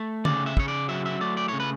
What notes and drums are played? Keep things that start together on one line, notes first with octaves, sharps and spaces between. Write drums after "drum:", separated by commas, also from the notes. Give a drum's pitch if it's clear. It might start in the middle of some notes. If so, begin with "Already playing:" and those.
Already playing: A3
C#3 D5, drum: tom D3
E5
C#3 C#5, drum: kick
D5
F#3 E5
E5
A3 D5
D5
C#5
C#3
B4